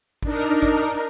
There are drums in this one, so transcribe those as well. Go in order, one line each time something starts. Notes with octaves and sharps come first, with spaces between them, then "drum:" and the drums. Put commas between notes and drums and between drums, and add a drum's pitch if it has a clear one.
D4 D#4 A#4, drum: kick G#1
drum: kick G#1